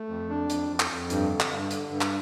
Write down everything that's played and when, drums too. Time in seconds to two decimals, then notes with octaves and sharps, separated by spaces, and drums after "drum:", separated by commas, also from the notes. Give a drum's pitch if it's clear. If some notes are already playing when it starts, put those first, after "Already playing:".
Already playing: A3
0.09 F2
0.29 D4
0.50 F2, drum: hi-hat
0.70 F2
0.80 drum: clap
0.90 F2
1.10 G2, drum: hi-hat
1.30 D3
1.40 drum: clap
1.51 G2
1.71 D3, drum: hi-hat
1.91 G2
2.01 drum: clap